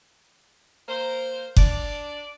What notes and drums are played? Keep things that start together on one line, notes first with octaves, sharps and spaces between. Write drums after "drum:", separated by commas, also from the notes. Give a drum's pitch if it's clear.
A#3 A#4 C5
D4 D5, drum: kick F#1